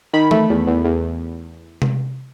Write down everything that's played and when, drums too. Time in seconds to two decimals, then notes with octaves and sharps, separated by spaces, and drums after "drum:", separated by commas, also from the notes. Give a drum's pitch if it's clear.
0.13 D#3 B5
0.31 A3, drum: tom E3
0.50 E2
0.67 E2
0.85 E2
1.82 drum: tom C3